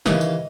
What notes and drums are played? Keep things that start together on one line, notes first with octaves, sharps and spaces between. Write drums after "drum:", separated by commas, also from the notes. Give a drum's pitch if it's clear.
D#2 C#3 E3 D#5, drum: snare
drum: tambourine